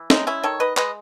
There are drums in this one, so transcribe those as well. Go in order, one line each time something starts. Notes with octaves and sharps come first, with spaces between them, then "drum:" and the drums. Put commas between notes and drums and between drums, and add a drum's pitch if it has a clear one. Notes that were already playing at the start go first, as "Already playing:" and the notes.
Already playing: E3
G#3 D#4, drum: snare
C#4 E4
D#3 A4 C#5
B4 D#5
G#3 B4 D#5, drum: clap